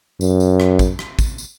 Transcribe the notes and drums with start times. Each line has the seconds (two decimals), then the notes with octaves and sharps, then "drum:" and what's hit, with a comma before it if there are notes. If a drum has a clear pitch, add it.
0.21 F#2, drum: tambourine
0.40 drum: tambourine
0.60 drum: rim click
0.79 drum: kick, tambourine
0.99 drum: rim click
1.19 drum: kick, tambourine
1.38 drum: tambourine